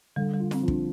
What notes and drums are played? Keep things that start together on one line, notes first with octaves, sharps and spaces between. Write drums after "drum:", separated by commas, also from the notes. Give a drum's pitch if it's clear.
D3 G3
G3
F4
C4, drum: snare
F3
D4, drum: kick